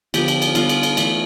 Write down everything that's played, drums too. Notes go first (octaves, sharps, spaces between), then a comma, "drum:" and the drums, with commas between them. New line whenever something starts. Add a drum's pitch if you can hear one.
D3 F3 B3 G4, drum: cymbal
drum: cymbal
drum: cymbal
D3 G3 B3 F4, drum: cymbal
drum: cymbal
drum: cymbal
E3 A3, drum: cymbal